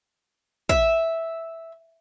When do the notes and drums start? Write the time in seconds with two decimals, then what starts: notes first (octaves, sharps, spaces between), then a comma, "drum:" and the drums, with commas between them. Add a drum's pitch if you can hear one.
0.69 E5, drum: kick